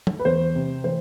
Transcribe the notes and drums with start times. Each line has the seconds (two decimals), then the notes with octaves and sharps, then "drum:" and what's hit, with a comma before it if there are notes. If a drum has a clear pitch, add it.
0.07 drum: tom
0.19 B4
0.25 E2 C5
0.55 C3
0.84 E3 C5